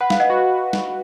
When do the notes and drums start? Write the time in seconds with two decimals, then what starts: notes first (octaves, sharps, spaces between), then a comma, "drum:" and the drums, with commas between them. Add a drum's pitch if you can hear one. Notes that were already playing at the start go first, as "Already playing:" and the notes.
0.01 B4 F#5
0.10 F5, drum: snare
0.20 D#5 F#5
0.30 F#4
0.73 drum: snare